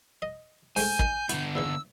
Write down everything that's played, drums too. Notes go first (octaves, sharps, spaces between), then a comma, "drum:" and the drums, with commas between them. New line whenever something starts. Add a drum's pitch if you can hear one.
D#5
G#2 A3 G5 G#5 G6, drum: open hi-hat
D#3, drum: kick
D3 B3 E4 C#6, drum: hi-hat
A#2 C#3 E3 E6